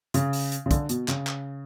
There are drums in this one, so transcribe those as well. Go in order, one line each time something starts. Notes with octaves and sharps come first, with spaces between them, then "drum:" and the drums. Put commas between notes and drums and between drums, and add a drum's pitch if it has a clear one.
C#3, drum: hi-hat
drum: open hi-hat
drum: hi-hat
C#3
D3, drum: kick, hi-hat
B2, drum: hi-hat
C#3, drum: clap
drum: clap